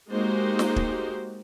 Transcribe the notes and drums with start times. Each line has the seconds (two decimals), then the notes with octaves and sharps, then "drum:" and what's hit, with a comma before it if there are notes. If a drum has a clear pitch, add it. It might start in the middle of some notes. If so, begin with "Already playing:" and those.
0.10 G#3 A#3 D#4 F#4 G4 C5
0.59 drum: snare
0.76 drum: kick